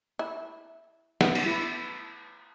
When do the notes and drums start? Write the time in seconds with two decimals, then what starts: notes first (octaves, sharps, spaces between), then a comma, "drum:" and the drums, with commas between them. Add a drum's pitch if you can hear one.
0.19 E4
1.21 B3, drum: snare
1.35 drum: cymbal
1.46 E4